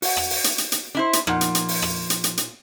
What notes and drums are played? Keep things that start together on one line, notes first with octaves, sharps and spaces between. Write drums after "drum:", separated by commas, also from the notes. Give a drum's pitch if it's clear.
F#4 F#5, drum: open hi-hat
drum: rim click
drum: open hi-hat
drum: hi-hat
drum: hi-hat
drum: hi-hat
D4 E4 C5
drum: hi-hat
A#2 F3 D#4 F#5, drum: rim click
drum: hi-hat
drum: hi-hat
drum: open hi-hat
drum: rim click
drum: hi-hat
drum: hi-hat
drum: hi-hat